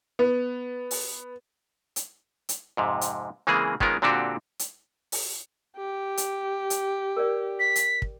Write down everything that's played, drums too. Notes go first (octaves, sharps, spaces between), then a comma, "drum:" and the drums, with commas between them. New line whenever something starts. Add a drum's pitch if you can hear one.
B3
drum: open hi-hat
drum: hi-hat
drum: hi-hat
F2 G#2 C3
drum: hi-hat
C#3 E3 G#3 A#3 C4 G#4
D#3 G#3 B3 C#4 F4 A#4, drum: kick
A#2 D3 C4 D4 F#4 G4
drum: hi-hat
drum: open hi-hat
G4
drum: hi-hat
drum: hi-hat
A#4 C#5 D5
B6
drum: hi-hat
drum: kick